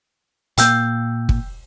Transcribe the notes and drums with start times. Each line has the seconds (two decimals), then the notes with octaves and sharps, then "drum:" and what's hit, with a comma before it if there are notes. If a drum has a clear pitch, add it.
0.58 A#2 A#3 G5 E6 G6, drum: hi-hat
1.29 drum: kick